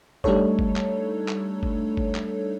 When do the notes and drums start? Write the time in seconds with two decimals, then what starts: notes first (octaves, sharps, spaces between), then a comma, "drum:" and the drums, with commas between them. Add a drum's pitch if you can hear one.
0.24 G3 A3 D4 D#4 A4 C#5, drum: kick G1
0.59 drum: kick G1
0.76 drum: clap
1.28 drum: clap
1.63 drum: kick G1
1.97 drum: kick G1
2.15 drum: clap